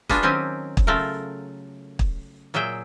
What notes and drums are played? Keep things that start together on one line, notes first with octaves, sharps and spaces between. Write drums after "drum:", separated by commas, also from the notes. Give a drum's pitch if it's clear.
B3 D4 F4 F#4 G#4 B4, drum: snare
D#3 F#3 C4 C#4 G4 G#5
drum: kick
C#3 F#3 A3 F4 A#4
drum: kick
A#2 F#3 G#4 E5 G5